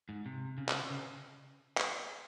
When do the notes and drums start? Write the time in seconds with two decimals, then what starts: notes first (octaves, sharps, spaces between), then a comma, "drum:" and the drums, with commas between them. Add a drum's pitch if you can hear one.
0.09 G#2
0.26 C3
0.58 C#3
0.69 drum: clap
0.90 C#3
1.78 drum: clap